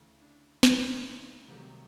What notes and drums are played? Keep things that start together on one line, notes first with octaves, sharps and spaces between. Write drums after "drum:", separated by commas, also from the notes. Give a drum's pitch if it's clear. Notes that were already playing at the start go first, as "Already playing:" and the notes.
Already playing: D2 C#3 E3 A3
D4
D2 C#3 E3 A3 D4, drum: snare
D#4
C2 C3 D#3 F#3 A3 G4